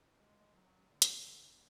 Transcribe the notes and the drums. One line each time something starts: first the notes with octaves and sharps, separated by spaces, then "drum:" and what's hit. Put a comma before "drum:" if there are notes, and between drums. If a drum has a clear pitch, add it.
G#3
F#3
D3
drum: hi-hat